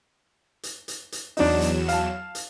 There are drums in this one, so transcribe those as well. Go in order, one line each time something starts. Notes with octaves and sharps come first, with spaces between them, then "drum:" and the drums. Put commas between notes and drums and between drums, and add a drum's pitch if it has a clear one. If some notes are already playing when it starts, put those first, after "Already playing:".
drum: hi-hat
drum: hi-hat
drum: hi-hat
E2 F#3 D4 D#4 E7, drum: open hi-hat
drum: hi-hat
F5 A5, drum: hi-hat
drum: hi-hat